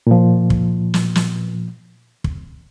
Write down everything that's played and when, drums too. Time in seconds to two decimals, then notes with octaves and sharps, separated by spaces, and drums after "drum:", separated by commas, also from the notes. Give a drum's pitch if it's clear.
0.07 A#2 F3
0.50 drum: kick
0.94 drum: snare
1.15 drum: snare
2.24 drum: kick